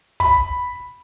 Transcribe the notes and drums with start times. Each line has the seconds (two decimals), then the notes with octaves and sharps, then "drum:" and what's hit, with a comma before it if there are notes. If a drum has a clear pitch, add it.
0.20 B5, drum: kick